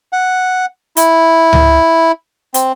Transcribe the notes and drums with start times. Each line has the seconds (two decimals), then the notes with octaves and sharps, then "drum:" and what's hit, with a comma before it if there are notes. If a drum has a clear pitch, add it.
0.13 F#5
0.97 E4, drum: hi-hat
1.53 drum: tom C#2
2.54 C4, drum: hi-hat